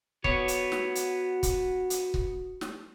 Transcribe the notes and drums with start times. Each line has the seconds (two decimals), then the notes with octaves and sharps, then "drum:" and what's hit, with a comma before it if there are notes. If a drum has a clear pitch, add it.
0.24 B3 F#4 C#5, drum: kick C#1
0.48 drum: hi-hat
0.72 drum: snare
0.95 drum: hi-hat
1.43 drum: kick C#1, hi-hat
1.90 drum: hi-hat
2.14 drum: kick C#1
2.61 drum: snare